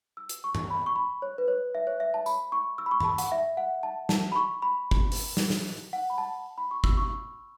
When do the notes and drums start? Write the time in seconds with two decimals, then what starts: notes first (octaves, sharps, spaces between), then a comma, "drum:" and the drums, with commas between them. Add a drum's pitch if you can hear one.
0.17 E6
0.29 drum: hi-hat
0.44 C#6
0.55 drum: tom G2
0.70 B5
0.86 C#6
0.96 B5
1.22 C#5
1.38 B4
1.48 C#5
1.75 E5
1.87 C#5
2.00 E5
2.14 A5
2.26 B5, drum: tambourine
2.52 C#6
2.78 E6
2.86 B5
2.91 C#6
3.00 B5, drum: tom G2
3.04 A5
3.18 F#5, drum: hi-hat
3.32 E5
3.57 F#5
3.83 A5
4.09 A5, drum: snare
4.32 B5
4.36 C#6
4.62 B5
4.91 drum: kick G1
5.12 drum: open hi-hat
5.37 drum: snare
5.50 drum: snare
5.93 F#5
6.10 B5
6.18 A5
6.58 B5
6.71 C#6
6.84 E6, drum: kick G1
6.97 C#6